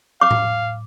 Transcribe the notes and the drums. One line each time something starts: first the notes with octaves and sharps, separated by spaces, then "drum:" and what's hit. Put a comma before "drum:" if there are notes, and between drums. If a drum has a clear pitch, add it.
F5 D6
drum: tom A2